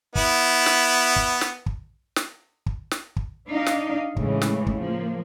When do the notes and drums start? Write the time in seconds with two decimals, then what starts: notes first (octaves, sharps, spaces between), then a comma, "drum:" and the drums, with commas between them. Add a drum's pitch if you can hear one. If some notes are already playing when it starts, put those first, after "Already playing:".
0.15 B3 E4, drum: kick
0.66 drum: snare
1.16 drum: kick
1.41 drum: snare
1.66 drum: kick
2.16 drum: snare
2.66 drum: kick
2.91 drum: snare
3.16 drum: kick
3.48 D4 D#4 D5 F5
3.66 drum: snare
4.17 A2 C#3 E3 G#3, drum: kick
4.42 drum: snare
4.67 drum: kick
4.79 F3 A#3